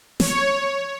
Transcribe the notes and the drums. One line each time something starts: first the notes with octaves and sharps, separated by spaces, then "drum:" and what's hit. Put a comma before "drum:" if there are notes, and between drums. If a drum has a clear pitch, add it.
C#5, drum: snare